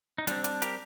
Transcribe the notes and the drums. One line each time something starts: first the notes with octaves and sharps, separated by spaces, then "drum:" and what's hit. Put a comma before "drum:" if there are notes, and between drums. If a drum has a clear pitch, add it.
D#4
G3 C4 D4, drum: hi-hat
D4, drum: hi-hat
G4 A#4, drum: hi-hat